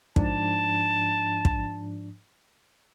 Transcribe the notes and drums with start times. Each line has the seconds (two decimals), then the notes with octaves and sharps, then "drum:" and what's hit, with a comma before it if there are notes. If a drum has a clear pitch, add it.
0.16 G#2 F3 D4 A5, drum: kick
1.45 drum: kick